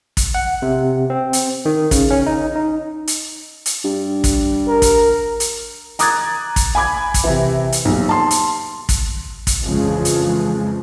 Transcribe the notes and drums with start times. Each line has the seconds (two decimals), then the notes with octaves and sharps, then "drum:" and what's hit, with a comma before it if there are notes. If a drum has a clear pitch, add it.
0.17 drum: kick, hi-hat
0.35 F#5
0.62 C3
1.10 C4
1.33 drum: hi-hat
1.65 D#3
1.91 C#3, drum: kick, hi-hat
2.11 C#4
2.26 D#4
2.56 D#4
3.07 drum: hi-hat
3.66 drum: hi-hat
3.84 G2
4.24 drum: kick, hi-hat
4.67 A#4
4.82 drum: kick, hi-hat
5.40 drum: hi-hat
5.99 A#5 D6 D#6 F#6 G#6 A6, drum: hi-hat
6.56 drum: kick, hi-hat
6.75 G#5 B5 D6 G#6
7.14 drum: kick, hi-hat
7.24 C3 E3
7.72 drum: hi-hat
7.85 D#1 B1
8.09 A5 C6
8.31 drum: hi-hat
8.89 drum: kick, hi-hat
9.47 drum: kick, hi-hat
9.64 F2 C#3 E3 F3 G#3
10.05 drum: hi-hat